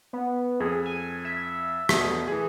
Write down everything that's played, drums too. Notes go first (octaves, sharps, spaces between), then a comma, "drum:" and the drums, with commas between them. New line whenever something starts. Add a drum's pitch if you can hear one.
B3
F2 G#4
G#5
E5
E2 B2 A3 D#6, drum: rim click
E3 G#4